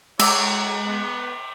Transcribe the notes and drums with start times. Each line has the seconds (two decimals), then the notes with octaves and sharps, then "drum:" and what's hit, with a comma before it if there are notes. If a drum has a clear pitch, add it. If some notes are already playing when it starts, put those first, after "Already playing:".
0.19 G#3 E4 F#4 C#5 A#5 D6 E6, drum: cymbal
0.86 B3